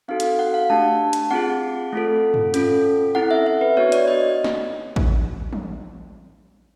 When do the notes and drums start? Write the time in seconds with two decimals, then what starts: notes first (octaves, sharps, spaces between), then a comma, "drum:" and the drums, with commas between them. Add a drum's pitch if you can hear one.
0.08 C4 D#4 F#4 A4 F5
0.20 drum: hi-hat
0.39 F#5
0.54 F5
0.70 A3 D4 G4 A5
1.13 drum: hi-hat
1.31 C4 F4 G#4 F#5
1.93 A3 C4 F4 A4
2.34 drum: tom
2.54 C#4 F4 A4, drum: hi-hat
3.15 C4 E4 A4 F#5
3.31 E5
3.47 E5
3.61 B4
3.77 B3 D4 F#4 C#5
3.92 D5, drum: hi-hat
4.08 D#5
4.44 drum: snare
4.96 drum: kick A1
5.53 drum: tom